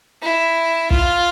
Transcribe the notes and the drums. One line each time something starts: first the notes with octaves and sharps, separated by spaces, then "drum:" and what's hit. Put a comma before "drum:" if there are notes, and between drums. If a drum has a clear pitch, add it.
E4
F4, drum: kick